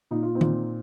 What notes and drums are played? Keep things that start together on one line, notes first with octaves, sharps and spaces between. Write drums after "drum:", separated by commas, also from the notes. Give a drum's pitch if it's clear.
A#2 D#4
F4
C4 D#4
A#2, drum: tom D#3